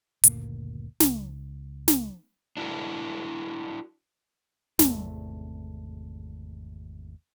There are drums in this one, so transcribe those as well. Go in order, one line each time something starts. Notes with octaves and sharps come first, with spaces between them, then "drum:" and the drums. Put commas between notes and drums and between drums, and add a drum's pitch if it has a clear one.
F#1 D2 A#2 A#3, drum: hi-hat
C#2, drum: snare
drum: snare
D4 E4 F#4 A#4
G#1 E2 C3 A3, drum: snare